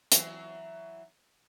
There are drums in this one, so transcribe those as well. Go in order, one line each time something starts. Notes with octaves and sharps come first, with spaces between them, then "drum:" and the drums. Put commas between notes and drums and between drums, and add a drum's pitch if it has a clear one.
E3 F#3, drum: hi-hat